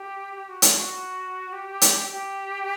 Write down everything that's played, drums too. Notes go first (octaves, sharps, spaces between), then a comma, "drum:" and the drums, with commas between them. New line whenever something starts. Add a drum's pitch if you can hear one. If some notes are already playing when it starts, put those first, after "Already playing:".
Already playing: G4
G4
F#4
F4, drum: hi-hat
F#4
G4
drum: hi-hat
G4